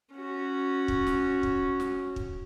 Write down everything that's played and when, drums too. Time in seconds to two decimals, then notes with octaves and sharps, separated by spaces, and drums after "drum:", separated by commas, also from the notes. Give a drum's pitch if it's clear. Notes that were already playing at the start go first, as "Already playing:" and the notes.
0.15 C#4 F#4
0.88 drum: kick
1.07 drum: snare
1.43 drum: kick
1.80 drum: snare
2.16 drum: kick